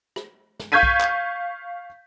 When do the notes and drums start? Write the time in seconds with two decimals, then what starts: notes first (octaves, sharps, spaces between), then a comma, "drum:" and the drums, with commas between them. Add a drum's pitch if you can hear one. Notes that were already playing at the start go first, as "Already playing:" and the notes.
0.16 drum: rim click
0.59 drum: snare
0.72 F5 C#6 G6 G#6 B6 D#7
0.83 drum: kick B1
1.00 drum: clap